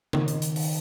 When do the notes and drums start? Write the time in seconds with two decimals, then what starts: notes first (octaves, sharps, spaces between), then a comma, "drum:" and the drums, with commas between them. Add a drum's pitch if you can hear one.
0.13 D#3, drum: tom C#3
0.28 drum: hi-hat
0.42 drum: hi-hat
0.56 drum: open hi-hat